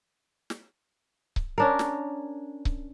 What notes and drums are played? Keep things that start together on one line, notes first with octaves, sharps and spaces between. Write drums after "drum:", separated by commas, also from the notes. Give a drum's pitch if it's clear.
drum: snare
drum: kick C#1
C#4 D4 A#4
drum: snare
drum: kick C#1